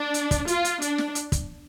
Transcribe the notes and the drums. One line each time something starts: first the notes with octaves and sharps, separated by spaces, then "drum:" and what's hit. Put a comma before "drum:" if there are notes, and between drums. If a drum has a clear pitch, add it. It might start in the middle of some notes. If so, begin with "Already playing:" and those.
Already playing: D4
drum: hi-hat
drum: kick, hi-hat
F4, drum: hi-hat
drum: hi-hat
D4, drum: hi-hat
drum: snare
drum: hi-hat
drum: kick, hi-hat